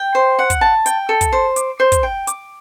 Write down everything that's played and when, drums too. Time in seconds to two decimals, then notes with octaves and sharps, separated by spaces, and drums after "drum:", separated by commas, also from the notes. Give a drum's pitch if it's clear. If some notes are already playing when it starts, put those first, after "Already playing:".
Already playing: G5
0.15 C5
0.39 F#5
0.50 drum: kick, hi-hat
0.61 A5
0.86 G5, drum: hi-hat
1.09 A4
1.21 drum: kick, hi-hat
1.32 C5
1.56 D6, drum: hi-hat
1.80 C5
1.92 drum: kick, hi-hat
2.03 G5
2.27 D6, drum: hi-hat